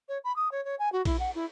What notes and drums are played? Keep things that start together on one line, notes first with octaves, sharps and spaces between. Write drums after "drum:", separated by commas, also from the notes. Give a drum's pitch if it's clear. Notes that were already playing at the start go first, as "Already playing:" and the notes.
C#5
B5
D#6
C#5
C#5
G#5
F#4
E4, drum: kick A#1, cymbal
F#5
E4